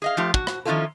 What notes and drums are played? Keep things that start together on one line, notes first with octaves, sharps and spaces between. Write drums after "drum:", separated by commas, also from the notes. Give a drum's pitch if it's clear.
G#4 D#5 F5
F3 A3 F4 G4
F#4, drum: kick
drum: rim click
D#3 F3 C#4 E4 F4 A4